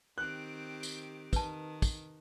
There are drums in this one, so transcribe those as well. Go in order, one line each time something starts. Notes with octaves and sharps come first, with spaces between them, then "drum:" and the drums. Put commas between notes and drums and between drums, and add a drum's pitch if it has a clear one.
D#3 C4 G4 F#6
drum: tambourine
D#3 B4 A5, drum: kick, tambourine
drum: kick, tambourine